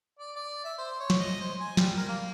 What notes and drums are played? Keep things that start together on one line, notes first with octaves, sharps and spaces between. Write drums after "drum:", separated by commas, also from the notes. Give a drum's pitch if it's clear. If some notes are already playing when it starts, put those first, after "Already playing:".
D5
D5
E5
C5
C#5
drum: snare
D#5
C5
G#5
G3, drum: snare
A#4
A#3